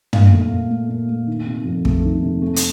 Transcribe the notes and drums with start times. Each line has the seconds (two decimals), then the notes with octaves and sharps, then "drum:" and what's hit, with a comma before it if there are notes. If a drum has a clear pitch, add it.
0.13 A#2 F5, drum: tom
0.32 A3
0.51 A#2
0.70 A3
0.89 A#2
1.09 A3
1.27 D#3
1.46 C3
1.65 F2
1.85 A3, drum: kick
2.04 D#3
2.23 C3
2.42 A3
2.56 drum: hi-hat